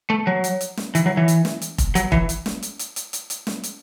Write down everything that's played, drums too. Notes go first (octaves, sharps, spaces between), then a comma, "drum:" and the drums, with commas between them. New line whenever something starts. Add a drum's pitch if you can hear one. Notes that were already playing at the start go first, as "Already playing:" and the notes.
A3
F#3
drum: hi-hat
drum: hi-hat
drum: snare
E3, drum: hi-hat
F#3
E3
drum: hi-hat
drum: snare
drum: hi-hat
drum: kick F1, hi-hat
F#3, drum: hi-hat
E3, drum: kick F1
drum: hi-hat
drum: snare
drum: hi-hat
drum: hi-hat
drum: hi-hat
drum: hi-hat
drum: hi-hat
drum: snare
drum: hi-hat